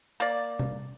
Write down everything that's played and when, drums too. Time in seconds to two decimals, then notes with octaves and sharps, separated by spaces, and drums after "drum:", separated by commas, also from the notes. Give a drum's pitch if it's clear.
0.20 A#3 D5
0.59 drum: tom